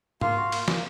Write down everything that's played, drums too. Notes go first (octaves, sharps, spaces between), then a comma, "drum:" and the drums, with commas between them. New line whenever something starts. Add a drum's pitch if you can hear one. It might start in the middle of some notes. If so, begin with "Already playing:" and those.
A#3 F4 F5, drum: tom G#2
F#4
A#3, drum: cymbal
A#3, drum: snare